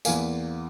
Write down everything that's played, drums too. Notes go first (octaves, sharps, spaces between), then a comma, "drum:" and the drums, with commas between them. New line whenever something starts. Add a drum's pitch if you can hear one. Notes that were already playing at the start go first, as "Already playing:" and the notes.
E2 E3 A#3 F5 G#5, drum: tambourine